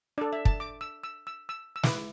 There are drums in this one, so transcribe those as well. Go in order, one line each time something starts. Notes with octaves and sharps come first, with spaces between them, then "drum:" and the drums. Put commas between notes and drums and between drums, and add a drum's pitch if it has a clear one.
D4 A4 D5
E5
A5, drum: kick
D6
E6
E6
E6
E6
E6
E4 B4 D6, drum: snare